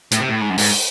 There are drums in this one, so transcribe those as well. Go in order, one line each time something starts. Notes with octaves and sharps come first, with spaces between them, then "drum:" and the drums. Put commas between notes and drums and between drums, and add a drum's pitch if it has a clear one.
A2, drum: hi-hat
C3
A2
G#2
F#2
G#2, drum: open hi-hat